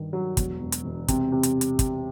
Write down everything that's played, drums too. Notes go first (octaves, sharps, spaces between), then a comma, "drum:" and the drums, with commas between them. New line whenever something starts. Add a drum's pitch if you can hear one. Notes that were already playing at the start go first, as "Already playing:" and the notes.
Already playing: G2 D#3
F#3
E1, drum: kick, hi-hat
E1
drum: hi-hat
E1
C3, drum: kick, hi-hat
C3
drum: hi-hat
drum: hi-hat
drum: kick, hi-hat